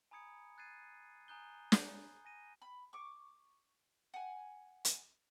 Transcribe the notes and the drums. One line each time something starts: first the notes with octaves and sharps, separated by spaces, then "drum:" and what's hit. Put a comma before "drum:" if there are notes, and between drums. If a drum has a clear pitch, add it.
G#5 A#5 B5 D#6 G#6 C#7
F#6 G#6 A6 C7 D#7
G#5 A#5 D#6 F#6 G6 G7
drum: snare
G#5 A#6 D#7
B5
C#6 D6
F#5 G#5
drum: hi-hat